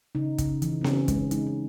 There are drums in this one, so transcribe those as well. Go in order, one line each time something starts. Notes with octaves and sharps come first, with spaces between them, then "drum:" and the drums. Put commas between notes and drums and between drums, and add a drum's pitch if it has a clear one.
C#3 D#4
C#3, drum: kick, hi-hat
E3, drum: hi-hat
C4
C#3 C#4, drum: snare B3
G#3 C#4, drum: kick, hi-hat
G#3 D#4, drum: hi-hat
D#4